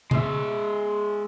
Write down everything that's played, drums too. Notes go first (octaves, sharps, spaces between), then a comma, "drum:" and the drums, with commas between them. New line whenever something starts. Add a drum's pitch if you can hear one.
G#3 E5, drum: tom C#3